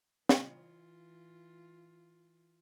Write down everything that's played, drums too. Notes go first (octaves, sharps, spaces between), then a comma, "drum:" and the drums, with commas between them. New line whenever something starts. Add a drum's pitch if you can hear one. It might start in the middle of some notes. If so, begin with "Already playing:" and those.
E3 F4, drum: snare